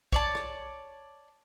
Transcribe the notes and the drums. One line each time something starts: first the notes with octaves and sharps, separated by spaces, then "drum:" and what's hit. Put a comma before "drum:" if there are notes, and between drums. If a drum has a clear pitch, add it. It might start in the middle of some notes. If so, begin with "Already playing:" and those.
C#5 D5 A5, drum: kick B1
drum: rim click